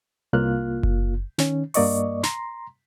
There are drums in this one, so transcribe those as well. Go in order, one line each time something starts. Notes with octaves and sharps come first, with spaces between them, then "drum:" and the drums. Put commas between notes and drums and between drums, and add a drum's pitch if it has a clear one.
C2 A#3 F4 F6 F#6
drum: kick F#1
D#3 C#4, drum: snare
G2 A#3 D5 D#5 C#6, drum: open hi-hat
A#5 C6, drum: snare